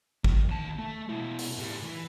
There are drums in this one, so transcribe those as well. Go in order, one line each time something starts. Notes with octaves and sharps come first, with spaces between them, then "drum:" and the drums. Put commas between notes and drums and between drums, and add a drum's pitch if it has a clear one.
D#3, drum: kick G#1
D#2 A5
A3
B2 E4
drum: open hi-hat
A2 G3
E3